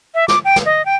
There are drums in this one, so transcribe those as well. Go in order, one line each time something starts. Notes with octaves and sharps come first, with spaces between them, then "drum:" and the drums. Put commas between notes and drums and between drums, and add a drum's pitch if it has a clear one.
E5
D6, drum: snare
G5
drum: snare
D#5
G5